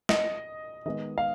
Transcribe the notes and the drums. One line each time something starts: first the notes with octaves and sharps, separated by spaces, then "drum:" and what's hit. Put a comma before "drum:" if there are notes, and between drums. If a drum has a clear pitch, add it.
D#5, drum: snare
D#3 G#3 B3 D#5
F5